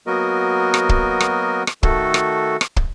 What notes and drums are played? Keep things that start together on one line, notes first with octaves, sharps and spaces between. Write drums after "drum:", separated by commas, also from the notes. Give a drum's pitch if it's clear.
F#3 A#3 B3 F#4 A#4 D#5
drum: rim click
drum: kick
drum: rim click
drum: rim click
D#3 A3 F#4 A4, drum: kick
drum: rim click
drum: rim click
drum: kick